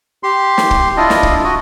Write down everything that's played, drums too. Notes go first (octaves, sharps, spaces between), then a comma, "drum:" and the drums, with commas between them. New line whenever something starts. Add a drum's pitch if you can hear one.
G4 C6
drum: snare
drum: kick
D4 E4 F4 D#5
drum: snare
drum: kick
F#4 D#5